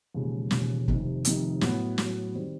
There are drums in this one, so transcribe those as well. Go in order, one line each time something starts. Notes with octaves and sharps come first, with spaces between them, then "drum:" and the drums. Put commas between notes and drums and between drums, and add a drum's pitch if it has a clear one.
E1 D#2 C#3 F3 G#3
E1 D#2 C#3 F3 G#3, drum: snare
F1 F2 C3 D#3, drum: kick
F1 F2 C3 D#3, drum: hi-hat
A2 F#3 B3, drum: snare
A2 F#3 B3, drum: snare
D#3 G3 C4